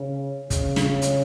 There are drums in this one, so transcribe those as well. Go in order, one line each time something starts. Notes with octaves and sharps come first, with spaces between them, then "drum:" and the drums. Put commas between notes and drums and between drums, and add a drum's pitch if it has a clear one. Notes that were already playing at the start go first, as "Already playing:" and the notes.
Already playing: C#3
C#3, drum: kick, hi-hat
drum: snare
drum: hi-hat